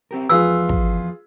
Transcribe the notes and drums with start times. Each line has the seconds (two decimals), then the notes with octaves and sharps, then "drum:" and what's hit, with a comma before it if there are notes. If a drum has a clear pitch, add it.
0.11 C4 G4 A#4
0.29 E2 F3 F4 G#4 B4 E6
0.69 drum: kick